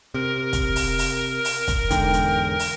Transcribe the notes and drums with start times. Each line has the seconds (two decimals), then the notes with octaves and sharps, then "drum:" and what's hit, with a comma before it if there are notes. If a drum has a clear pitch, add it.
0.14 C3 A#4
0.53 drum: kick, hi-hat
0.76 drum: open hi-hat
0.99 drum: open hi-hat
1.45 drum: open hi-hat
1.68 drum: kick, hi-hat
1.91 E2 G#2 D3 G5, drum: hi-hat
2.14 drum: hi-hat
2.59 drum: open hi-hat